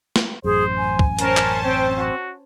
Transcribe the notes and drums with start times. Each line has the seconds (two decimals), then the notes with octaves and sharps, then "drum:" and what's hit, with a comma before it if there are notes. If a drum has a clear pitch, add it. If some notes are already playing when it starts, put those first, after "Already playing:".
0.16 drum: snare
0.44 A1 F#2 G#4 C5
0.77 G#5
0.99 drum: kick
1.19 C#4 A#4 C5 A5, drum: hi-hat
1.37 drum: clap
1.64 C4 G5
1.96 F#4